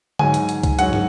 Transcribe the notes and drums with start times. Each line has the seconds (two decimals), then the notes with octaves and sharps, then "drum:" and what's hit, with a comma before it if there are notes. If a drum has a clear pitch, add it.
0.19 G#2 F#3 G#5, drum: tom D3
0.34 drum: hi-hat
0.49 drum: hi-hat
0.63 drum: kick, hi-hat
0.79 G#2 F#3 F#5, drum: hi-hat
0.93 drum: tom